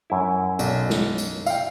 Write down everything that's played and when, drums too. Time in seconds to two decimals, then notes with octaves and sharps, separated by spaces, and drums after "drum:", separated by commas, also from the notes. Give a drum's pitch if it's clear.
0.10 F#2 E4
0.59 B1, drum: tambourine
0.90 drum: snare
1.18 drum: tambourine
1.46 F5 G5, drum: tambourine